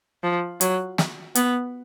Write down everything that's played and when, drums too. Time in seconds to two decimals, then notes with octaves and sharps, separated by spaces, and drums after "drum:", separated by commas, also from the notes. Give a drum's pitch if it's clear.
0.23 F3
0.61 F#3, drum: hi-hat
0.98 drum: snare
1.35 B3, drum: hi-hat